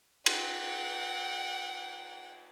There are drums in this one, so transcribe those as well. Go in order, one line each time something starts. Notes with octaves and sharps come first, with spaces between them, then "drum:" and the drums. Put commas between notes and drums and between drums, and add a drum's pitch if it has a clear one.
F#5 G5, drum: cymbal